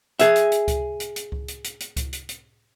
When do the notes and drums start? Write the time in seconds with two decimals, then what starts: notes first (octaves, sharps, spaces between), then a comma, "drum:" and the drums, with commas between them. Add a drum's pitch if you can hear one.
0.19 G#4 E5, drum: hi-hat
0.36 drum: hi-hat
0.52 drum: hi-hat
0.68 drum: kick C#2, hi-hat
1.00 drum: hi-hat
1.16 drum: hi-hat
1.32 drum: kick C#2
1.48 drum: hi-hat
1.64 drum: hi-hat
1.80 drum: hi-hat
1.96 drum: kick C#2, hi-hat
2.13 drum: hi-hat
2.29 drum: hi-hat